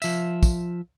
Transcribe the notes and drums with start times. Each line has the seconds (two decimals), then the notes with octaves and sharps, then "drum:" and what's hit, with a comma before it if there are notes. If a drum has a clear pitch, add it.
0.02 F3 E5, drum: tambourine
0.43 drum: kick, tambourine